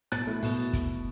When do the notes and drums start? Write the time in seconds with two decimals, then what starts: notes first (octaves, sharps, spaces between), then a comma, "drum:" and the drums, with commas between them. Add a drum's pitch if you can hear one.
0.12 B2 F#6 A6, drum: rim click
0.27 A3 E4
0.43 B2, drum: open hi-hat
0.73 drum: kick, hi-hat